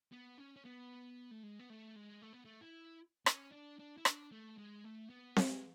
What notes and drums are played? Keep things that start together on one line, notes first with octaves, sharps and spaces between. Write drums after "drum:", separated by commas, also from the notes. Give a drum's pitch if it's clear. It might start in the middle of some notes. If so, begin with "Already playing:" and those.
B3
C#4
C#4
B3
A3
G#3
B3
A3
G#3
A3
B3
A3
E4
C#4, drum: rim click
D4
D4
E4
D4, drum: rim click
A3
G#3
A3
B3
G#3, drum: snare C4